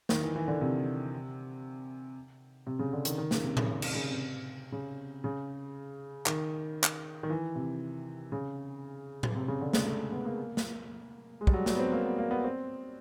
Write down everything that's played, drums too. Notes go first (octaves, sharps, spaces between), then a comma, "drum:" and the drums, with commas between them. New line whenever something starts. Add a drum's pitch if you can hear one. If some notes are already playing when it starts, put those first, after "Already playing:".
D#3, drum: snare
E3
E3
D3
C3
C3
C#3
D3
D#3, drum: hi-hat
D#3
C#3, drum: snare
C3
C#3, drum: tom A2
C3, drum: cymbal
C#3
C3
C#3
C#3
D#3, drum: clap
drum: clap
D#3
E3
C3
C#3
drum: tom A2
C3
C#3
D3
G#3, drum: snare
A3
B3
A#3
drum: snare
G#3
G3, drum: kick
F#3
F#3, drum: snare
B3
C4
A#3
B3
A#3
B3
C4